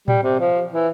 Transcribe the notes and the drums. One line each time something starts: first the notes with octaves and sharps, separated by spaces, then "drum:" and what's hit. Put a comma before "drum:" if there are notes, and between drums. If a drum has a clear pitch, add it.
G3, drum: tom A2
C3
F3
E3